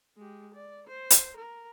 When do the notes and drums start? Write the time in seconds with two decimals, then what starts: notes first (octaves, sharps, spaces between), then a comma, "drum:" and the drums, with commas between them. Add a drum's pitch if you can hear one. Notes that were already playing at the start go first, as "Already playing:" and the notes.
0.17 G#3 G4
0.54 D5
0.87 C5
1.10 drum: hi-hat
1.37 A#4